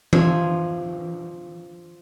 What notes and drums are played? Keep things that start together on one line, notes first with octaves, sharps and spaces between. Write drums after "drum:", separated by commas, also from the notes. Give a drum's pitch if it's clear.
F3 E5 G#5, drum: tom E3